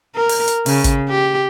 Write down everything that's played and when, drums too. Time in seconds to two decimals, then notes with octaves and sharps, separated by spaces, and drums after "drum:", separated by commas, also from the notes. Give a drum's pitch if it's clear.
0.15 A#4
0.29 drum: open hi-hat
0.48 drum: hi-hat
0.66 C#3, drum: open hi-hat
0.84 drum: kick, hi-hat
1.09 G4